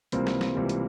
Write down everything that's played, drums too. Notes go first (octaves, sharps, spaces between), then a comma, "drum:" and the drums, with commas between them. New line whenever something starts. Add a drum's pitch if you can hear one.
C#2 C3 E3 G3 A#3 C4, drum: hi-hat
drum: snare
drum: snare
C#2 C3 E3 G3
drum: hi-hat